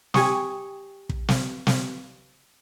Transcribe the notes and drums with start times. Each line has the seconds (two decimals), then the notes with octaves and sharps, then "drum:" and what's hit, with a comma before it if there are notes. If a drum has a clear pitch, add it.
0.14 G4 G#5 C#6 D#6, drum: snare
1.09 drum: kick
1.29 drum: snare
1.67 drum: snare